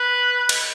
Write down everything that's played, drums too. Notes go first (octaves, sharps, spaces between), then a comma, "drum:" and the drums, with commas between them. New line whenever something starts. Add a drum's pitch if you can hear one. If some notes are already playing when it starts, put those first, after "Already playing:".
Already playing: B4
drum: cymbal